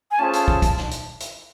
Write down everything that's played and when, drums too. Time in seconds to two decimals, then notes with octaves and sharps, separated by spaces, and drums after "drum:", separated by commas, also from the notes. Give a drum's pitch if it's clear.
0.11 G#5
0.19 A3 C#4 F4 G#4 C5 A5
0.33 drum: hi-hat
0.48 drum: kick
0.62 drum: kick, hi-hat
0.77 drum: snare
0.91 drum: hi-hat
1.20 drum: hi-hat